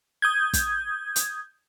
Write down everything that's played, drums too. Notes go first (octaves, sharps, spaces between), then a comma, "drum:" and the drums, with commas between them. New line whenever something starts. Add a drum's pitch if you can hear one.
D#6 G6 G#6
drum: kick, hi-hat
drum: hi-hat